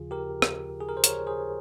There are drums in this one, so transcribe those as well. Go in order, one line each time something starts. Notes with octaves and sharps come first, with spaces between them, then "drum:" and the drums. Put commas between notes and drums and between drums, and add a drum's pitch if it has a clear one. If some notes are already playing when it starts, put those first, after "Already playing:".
Already playing: D#2 C#3 F3 F4 G#4
G4 A#4
drum: rim click
G#4
A#4
C5
A#4 C#5, drum: hi-hat
G#4 C5